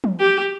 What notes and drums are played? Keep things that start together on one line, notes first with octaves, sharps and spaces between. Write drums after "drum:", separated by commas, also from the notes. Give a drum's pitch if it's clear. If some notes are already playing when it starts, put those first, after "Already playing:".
drum: tom
G4